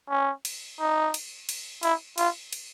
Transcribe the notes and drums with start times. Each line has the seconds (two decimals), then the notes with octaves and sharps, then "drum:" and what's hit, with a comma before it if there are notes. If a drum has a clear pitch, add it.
0.10 C#4
0.45 drum: cymbal
0.80 D#4
1.14 drum: cymbal
1.49 drum: cymbal
1.83 E4, drum: cymbal
2.18 F4, drum: cymbal
2.53 drum: cymbal